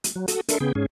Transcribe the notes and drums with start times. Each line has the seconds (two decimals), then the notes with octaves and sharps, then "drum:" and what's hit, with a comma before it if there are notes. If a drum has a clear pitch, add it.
0.04 drum: hi-hat
0.16 F#3
0.28 F#4 A4 D#6 E6, drum: hi-hat
0.49 D4 A4 A#4 E5 C6 C#6, drum: hi-hat
0.60 C#3 B3 G#4 G5
0.75 G#2 C#4 G#4